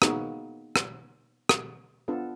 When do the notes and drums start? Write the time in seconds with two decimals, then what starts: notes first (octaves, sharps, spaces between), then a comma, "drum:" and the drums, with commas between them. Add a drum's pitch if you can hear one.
0.02 A#3 B3 D#4 F#4 G#4, drum: rim click
0.76 drum: rim click
1.49 drum: rim click
2.08 B3 D4 F4 A4